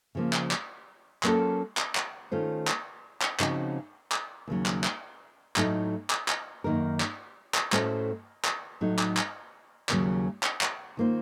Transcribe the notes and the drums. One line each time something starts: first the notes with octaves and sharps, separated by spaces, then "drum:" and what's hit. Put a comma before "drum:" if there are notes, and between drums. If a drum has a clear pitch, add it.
C#3 F3 A#3
drum: clap
drum: clap
F#3 A#3 C#4 F4 A4, drum: clap
drum: clap
drum: clap
D#3 A3 C#4 F4 C5
drum: clap
drum: clap
C#3 F3 C4 D#4 F#4, drum: clap
drum: clap
D#2 C#3 F#3
drum: clap
drum: clap
A2 F#3 A3 D#4, drum: clap
drum: clap
drum: clap
F#2 D#3 A#3 D#4 A#4
drum: clap
drum: clap
A2 A3 C#4 F#4 C5, drum: clap
drum: clap
A2 F#3 A3 D#4
drum: clap
drum: clap
D#2 C#3 F#3, drum: clap
drum: clap
drum: clap
D#3 A#3 F4 C5